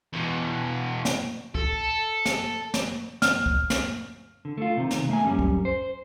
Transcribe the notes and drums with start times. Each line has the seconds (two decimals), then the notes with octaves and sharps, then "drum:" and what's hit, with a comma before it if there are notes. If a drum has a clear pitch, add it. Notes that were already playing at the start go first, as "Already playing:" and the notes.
0.13 E2 B2
1.05 drum: snare
1.55 A4, drum: kick
2.26 drum: snare
2.74 drum: snare
3.22 F6, drum: snare
3.46 drum: kick
3.70 drum: snare
4.45 D3
4.58 A3 F4
4.77 C3 D#3
4.91 drum: snare
5.09 A3 A#3 G#5
5.25 F#2 D#3 G3 C#4
5.39 drum: kick
5.65 C5